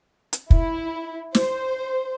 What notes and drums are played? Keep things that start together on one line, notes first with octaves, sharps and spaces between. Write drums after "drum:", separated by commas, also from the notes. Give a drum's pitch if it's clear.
drum: hi-hat
E4, drum: kick
C5, drum: snare